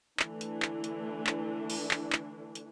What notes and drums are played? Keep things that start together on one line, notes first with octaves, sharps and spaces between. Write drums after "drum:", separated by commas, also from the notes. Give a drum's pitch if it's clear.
D3 E3 A3 D4, drum: clap
drum: hi-hat
drum: clap
drum: hi-hat
drum: clap
drum: open hi-hat
drum: clap
drum: clap
drum: hi-hat